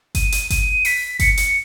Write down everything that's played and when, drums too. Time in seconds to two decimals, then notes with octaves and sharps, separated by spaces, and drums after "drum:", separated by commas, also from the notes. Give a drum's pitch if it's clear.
0.15 D#7, drum: kick G1, hi-hat
0.32 drum: hi-hat
0.50 D#7, drum: kick G1, hi-hat
0.85 B6, drum: open hi-hat
1.19 C#7, drum: kick G1, hi-hat
1.37 drum: hi-hat